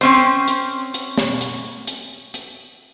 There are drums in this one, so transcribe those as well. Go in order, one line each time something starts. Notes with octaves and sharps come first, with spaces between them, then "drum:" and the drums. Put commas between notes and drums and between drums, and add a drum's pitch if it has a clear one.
C4 C#4 C5, drum: hi-hat
drum: hi-hat
drum: hi-hat
drum: snare
drum: hi-hat
drum: hi-hat
drum: hi-hat